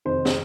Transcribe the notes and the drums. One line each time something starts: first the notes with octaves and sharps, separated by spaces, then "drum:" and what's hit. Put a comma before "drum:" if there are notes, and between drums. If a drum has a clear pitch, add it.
F2 C3 D#3 C5
drum: snare